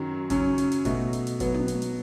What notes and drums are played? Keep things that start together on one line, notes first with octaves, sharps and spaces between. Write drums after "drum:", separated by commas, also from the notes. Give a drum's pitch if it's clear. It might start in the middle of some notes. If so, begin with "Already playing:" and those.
Already playing: F#2 D#3 F#3
F#2 C#3 F#3 C#4, drum: kick G1, hi-hat
drum: hi-hat
drum: hi-hat
B2 A3 D#4 F#4, drum: kick G1, hi-hat
drum: hi-hat
drum: hi-hat
B2 F#3 B3, drum: kick G1, hi-hat
drum: tom
drum: hi-hat
drum: hi-hat